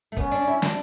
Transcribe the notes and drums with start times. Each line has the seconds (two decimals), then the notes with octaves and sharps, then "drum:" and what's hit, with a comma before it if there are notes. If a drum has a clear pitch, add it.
0.12 A3
0.17 B3 C#4, drum: kick
0.31 D4
0.47 E4
0.62 D4, drum: snare